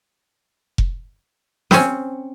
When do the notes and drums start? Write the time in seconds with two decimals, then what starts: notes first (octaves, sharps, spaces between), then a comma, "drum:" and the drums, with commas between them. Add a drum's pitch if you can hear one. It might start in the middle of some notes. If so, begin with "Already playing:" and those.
0.78 drum: kick F1
1.71 C4 C#4, drum: snare